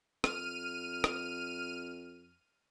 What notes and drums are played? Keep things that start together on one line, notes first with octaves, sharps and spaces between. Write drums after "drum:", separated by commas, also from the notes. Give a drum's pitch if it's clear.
F2 F6 D#7, drum: rim click
drum: rim click